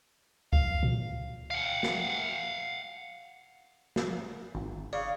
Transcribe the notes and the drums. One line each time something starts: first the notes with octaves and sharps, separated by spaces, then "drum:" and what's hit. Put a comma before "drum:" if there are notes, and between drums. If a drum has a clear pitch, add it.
F5, drum: kick C#2
A#2
F5 F#5
drum: snare
drum: snare
G#1
C#3 D5 F5